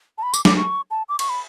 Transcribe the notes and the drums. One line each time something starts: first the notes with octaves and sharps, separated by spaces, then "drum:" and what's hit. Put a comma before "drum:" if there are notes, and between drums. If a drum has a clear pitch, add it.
A5
B5
D6, drum: tambourine
D6, drum: snare
C#6
A5
D6
C#6, drum: cymbal
B5